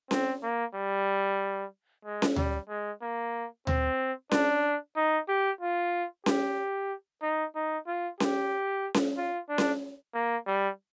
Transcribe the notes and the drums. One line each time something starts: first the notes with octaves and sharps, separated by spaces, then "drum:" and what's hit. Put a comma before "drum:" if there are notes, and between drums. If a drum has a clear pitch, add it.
C4, drum: snare C#4
A#3
G3
G#3
drum: snare C#4
G3, drum: tom D2
G#3
A#3
C4, drum: tom D2
D4, drum: snare C#4
D#4
G4
F4
G4, drum: snare C#4
D#4
D#4
F4
G4, drum: snare C#4
drum: snare C#4
F4
D4
drum: snare C#4
A#3
G3